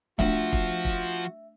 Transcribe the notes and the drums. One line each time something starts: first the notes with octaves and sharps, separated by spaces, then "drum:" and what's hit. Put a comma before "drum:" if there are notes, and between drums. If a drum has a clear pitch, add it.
F3 A3 D4 F4 F#4 E5, drum: snare
drum: kick
drum: kick